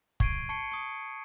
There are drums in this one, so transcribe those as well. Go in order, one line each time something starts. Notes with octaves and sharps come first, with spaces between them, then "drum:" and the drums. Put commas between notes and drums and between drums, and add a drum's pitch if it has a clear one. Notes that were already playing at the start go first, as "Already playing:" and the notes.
C#6 G#6 C7 D7 D#7, drum: kick
A5 C#6 C7 C#7
C#6 D#6